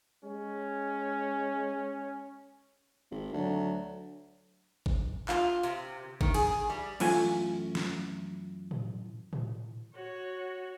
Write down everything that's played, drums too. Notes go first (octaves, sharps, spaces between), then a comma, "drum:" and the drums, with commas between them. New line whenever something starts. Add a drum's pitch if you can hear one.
G#3 C#4
G#1
D2 F#3
drum: kick G#1
F4, drum: clap
C3, drum: hi-hat
D#3, drum: kick G#1
G#4, drum: cymbal
G3
F#2 E3 A3 F4 G#5, drum: cymbal
drum: snare
drum: tom A2
drum: tom A2
F#4 C#5